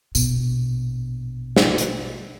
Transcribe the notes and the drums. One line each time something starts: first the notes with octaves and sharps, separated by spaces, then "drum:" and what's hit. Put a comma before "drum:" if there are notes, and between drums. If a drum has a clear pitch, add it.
A#1 B2, drum: tambourine
drum: snare
drum: hi-hat